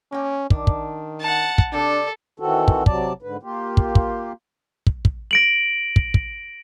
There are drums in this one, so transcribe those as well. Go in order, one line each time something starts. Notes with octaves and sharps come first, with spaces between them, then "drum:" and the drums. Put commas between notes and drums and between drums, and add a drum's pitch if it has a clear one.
A#3 C#4 G5
D#3 D4, drum: kick
drum: kick
F#5 A5
drum: kick
C3 G3 D4 A4 D5
D#3 E3 C4 F#4 A4
drum: kick
C3 F#3 D5 A5, drum: kick
G#2 D3 B4
A#3 F4 G4
drum: kick
drum: kick
drum: kick
drum: kick
A#6 D7 F#7
drum: kick
drum: kick